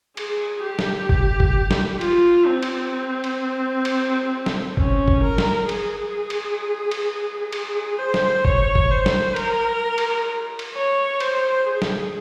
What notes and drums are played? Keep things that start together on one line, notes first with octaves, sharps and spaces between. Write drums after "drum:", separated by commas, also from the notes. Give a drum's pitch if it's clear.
G#4, drum: cymbal
G4
drum: snare
drum: kick G1
drum: kick G1
drum: snare
F4, drum: cymbal
C4
drum: cymbal
drum: cymbal
drum: cymbal
drum: snare
C#4, drum: kick G1
drum: kick G1
A#4
drum: snare
G#4, drum: cymbal
drum: cymbal
drum: cymbal
G#4, drum: cymbal
C5
drum: snare
C#5, drum: kick G1
drum: kick G1
C5
drum: snare
A#4, drum: cymbal
drum: cymbal
drum: cymbal
C#5
C5, drum: cymbal
G#4
drum: snare